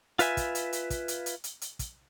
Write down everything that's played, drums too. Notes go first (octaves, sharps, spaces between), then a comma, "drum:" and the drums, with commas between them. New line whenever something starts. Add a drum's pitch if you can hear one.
F4 B4 E5 G#5, drum: hi-hat
drum: kick, hi-hat
drum: hi-hat
drum: hi-hat
drum: kick, hi-hat
drum: hi-hat
drum: hi-hat
drum: hi-hat
drum: hi-hat
drum: kick, hi-hat